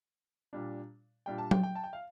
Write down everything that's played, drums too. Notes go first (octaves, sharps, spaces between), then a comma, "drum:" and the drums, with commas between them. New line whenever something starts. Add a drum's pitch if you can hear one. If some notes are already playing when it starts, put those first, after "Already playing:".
A#2 G3 D4
A#2 G3 D4 G5
A5
G5, drum: tom F#3
G5
A5
G5
F5